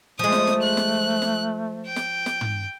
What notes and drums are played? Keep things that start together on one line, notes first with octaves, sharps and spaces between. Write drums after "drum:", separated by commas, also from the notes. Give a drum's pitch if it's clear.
F3 G#3 A3 D#6
drum: snare
drum: snare
F#6
drum: snare
drum: snare
G5
drum: snare
drum: snare
drum: tom